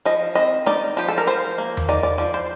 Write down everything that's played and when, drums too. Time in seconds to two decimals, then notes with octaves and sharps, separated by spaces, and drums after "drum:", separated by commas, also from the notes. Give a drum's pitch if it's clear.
0.05 F3 D#5
0.35 C4 D#5
0.66 D#4 D5, drum: snare D4
0.97 F3 G4
1.08 A4
1.18 A#4
1.27 F3 C5
1.58 A#3
1.77 drum: tom E2
1.89 D#4 D5
2.03 D5
2.18 F3 D5
2.34 C5